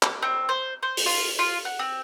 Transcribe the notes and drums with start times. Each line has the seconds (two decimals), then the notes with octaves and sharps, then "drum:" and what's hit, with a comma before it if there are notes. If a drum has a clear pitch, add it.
0.03 drum: clap
0.22 C4
0.49 C5
0.83 C5
0.97 drum: open hi-hat
1.06 F4
1.39 F4
1.65 F#5
1.79 C4